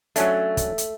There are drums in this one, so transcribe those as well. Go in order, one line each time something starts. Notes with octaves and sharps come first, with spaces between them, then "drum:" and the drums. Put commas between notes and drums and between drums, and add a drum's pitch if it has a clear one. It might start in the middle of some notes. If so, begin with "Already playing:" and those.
F#3 A3 C#4 D4, drum: hi-hat
drum: kick, hi-hat
drum: hi-hat